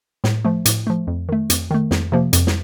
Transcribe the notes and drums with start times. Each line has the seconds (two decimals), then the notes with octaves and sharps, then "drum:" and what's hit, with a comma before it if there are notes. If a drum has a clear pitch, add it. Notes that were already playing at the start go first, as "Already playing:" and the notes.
0.24 A2, drum: snare
0.45 F3 A3
0.65 A2, drum: hi-hat
0.87 F3 A3
1.07 F2
1.29 D#3 A3
1.50 F2, drum: hi-hat
1.71 D#3 A3
1.91 F2, drum: snare
2.12 C3 F3 A#3
2.33 F2, drum: hi-hat
2.47 drum: snare